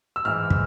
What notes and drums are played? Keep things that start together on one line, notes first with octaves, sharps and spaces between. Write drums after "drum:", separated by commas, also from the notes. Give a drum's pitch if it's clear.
E6
G#2 E3 F6
drum: kick